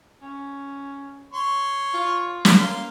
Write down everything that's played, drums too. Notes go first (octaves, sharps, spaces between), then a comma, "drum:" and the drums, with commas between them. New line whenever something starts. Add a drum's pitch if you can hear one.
C#4
C#5 C6
F4
drum: snare
A#3 F5 C6